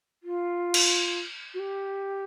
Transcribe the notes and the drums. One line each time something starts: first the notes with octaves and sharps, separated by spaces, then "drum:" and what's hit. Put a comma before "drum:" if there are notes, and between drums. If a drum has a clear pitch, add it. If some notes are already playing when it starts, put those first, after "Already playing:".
F4
drum: cymbal
F#4
G4